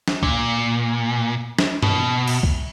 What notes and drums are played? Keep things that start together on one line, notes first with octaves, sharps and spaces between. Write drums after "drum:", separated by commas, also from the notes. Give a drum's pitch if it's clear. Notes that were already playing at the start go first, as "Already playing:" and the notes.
drum: snare
A#2, drum: kick C2
drum: snare
B2, drum: tom G2
drum: cymbal
drum: kick C2